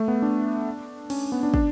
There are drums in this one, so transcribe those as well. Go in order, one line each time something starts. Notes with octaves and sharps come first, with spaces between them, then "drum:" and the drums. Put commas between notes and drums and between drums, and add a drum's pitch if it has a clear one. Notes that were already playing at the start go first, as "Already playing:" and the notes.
Already playing: A3
B3
D4
C#4, drum: cymbal
B3
D4
D4, drum: kick